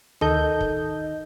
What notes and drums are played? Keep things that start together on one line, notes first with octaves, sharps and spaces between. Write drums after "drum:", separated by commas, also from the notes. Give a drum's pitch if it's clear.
D#3 A4 D#5 G6, drum: tom D2
drum: kick